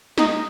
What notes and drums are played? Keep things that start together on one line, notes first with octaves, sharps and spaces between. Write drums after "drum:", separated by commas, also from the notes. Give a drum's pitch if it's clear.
D#4, drum: snare